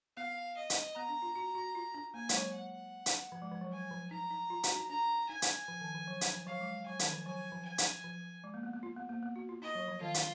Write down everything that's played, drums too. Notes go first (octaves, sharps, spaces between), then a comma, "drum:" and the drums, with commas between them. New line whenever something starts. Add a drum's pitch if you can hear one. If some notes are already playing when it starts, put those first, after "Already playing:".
B3 F5
D#5
drum: hi-hat
B3 A#5
D4
F4
F#4
F#4
F4
D4
A#3 G#5
G#3, drum: hi-hat
F#3
F#5
drum: hi-hat
F3
G#3
F3
F#3
F#3 G#5
F3
D#4 A#5
D#4
F4
F#4, drum: hi-hat
D#4
D4 A#5
D#4 G#5
drum: hi-hat
F3
D#3
F3
F#3
D#4, drum: hi-hat
F3
F#3 F5
G#3
F#3 G#5
D#3, drum: hi-hat
F3
F#3 G#5
F3
G#5
drum: hi-hat
F3
G#3
A#3
B3
B3
F4
B3
A#3
B3
F#4
F4
D#4 D#5
F#3
F3
D#3 F4
drum: hi-hat